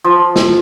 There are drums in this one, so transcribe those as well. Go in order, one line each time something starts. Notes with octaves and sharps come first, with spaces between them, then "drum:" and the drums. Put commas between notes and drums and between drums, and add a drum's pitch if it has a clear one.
F3
drum: snare